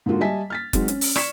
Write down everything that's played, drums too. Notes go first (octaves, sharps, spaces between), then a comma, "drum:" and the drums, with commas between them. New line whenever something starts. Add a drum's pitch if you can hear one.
G#2 D3 A#3 F4 F#4
G3 D#5 E5 G#5 A5 B6
F6 A6 B6
F#3 G#3 C4 D#4, drum: kick F#1, hi-hat
C#4, drum: hi-hat
drum: open hi-hat
D5 C#6 G#6 B6 C#7 E7, drum: rim click